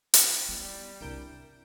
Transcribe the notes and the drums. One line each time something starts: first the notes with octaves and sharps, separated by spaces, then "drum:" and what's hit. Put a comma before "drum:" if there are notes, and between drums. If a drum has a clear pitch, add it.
C3 D#3 E3 G5 A6, drum: hi-hat
G3 B3 E4
C2 C4 D4 E4 A#4 G6 D7